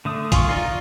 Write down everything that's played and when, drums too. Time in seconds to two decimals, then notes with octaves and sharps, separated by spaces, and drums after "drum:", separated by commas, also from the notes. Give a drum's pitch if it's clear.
0.05 D3 A3 D#6
0.32 F4 G#5 C6 C#6, drum: kick, hi-hat
0.49 D#4 F4 D5